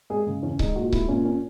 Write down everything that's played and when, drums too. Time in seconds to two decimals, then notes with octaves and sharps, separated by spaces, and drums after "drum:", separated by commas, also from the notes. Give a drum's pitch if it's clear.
0.10 G#3 G#4
0.27 C#3
0.42 E2 C#4
0.59 G#3 D#4, drum: kick C#1
0.76 A#2 F#4
0.93 G#3 E4, drum: kick C#1
1.08 A#2 C#4
1.25 C#4